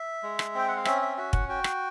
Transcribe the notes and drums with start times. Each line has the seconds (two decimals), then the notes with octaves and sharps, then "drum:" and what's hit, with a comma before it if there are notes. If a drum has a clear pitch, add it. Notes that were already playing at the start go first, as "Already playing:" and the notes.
Already playing: E5
0.23 G#3
0.39 drum: rim click
0.55 C4 G5
0.68 F#5
0.77 F5
0.85 C#4 E5, drum: rim click
1.01 E5
1.17 F#4 E5
1.33 F#5, drum: kick
1.49 F#4 G5
1.64 drum: rim click